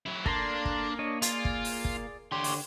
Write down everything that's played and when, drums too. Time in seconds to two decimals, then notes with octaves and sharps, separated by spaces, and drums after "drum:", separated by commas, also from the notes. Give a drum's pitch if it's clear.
0.06 F#3 E4
0.26 A#3 D4 A4 A#5 C6, drum: kick
0.65 drum: kick
0.99 D4 C#5 D#5
1.22 F4 G#4 D5, drum: hi-hat
1.45 drum: kick
1.65 drum: open hi-hat
1.85 drum: kick
2.32 D3 G4 C#5 C6
2.44 drum: open hi-hat